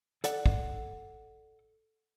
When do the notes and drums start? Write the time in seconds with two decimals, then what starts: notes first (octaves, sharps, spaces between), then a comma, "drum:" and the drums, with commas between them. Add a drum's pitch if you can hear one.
0.24 A4 D5 F#5, drum: hi-hat
0.46 drum: kick